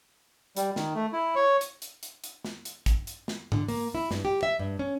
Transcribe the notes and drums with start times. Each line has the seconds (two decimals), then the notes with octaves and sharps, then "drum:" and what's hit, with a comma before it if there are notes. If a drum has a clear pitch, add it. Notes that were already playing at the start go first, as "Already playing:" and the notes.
0.57 G3, drum: hi-hat
0.76 D#3, drum: snare
0.95 A3
1.13 E4
1.35 C#5
1.61 drum: hi-hat
1.82 drum: hi-hat
2.03 drum: hi-hat
2.24 drum: hi-hat
2.45 drum: snare
2.65 drum: hi-hat
2.86 drum: kick, hi-hat
3.07 drum: hi-hat
3.28 drum: snare
3.52 D3, drum: tom G#2
3.68 A#3, drum: open hi-hat
3.95 E4
4.11 G2, drum: snare
4.25 G4
4.43 E5
4.59 G2
4.79 C#4